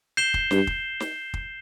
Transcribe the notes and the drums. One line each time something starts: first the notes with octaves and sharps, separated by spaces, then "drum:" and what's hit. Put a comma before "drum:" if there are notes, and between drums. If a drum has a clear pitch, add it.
G6 C7 E7 G7
drum: kick
G2, drum: snare
drum: kick
drum: snare
drum: kick